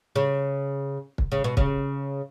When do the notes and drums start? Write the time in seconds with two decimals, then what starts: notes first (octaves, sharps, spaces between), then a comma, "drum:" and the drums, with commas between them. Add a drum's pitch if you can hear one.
0.16 C#3
1.18 drum: kick
1.32 C#3
1.44 B2
1.57 C#3, drum: kick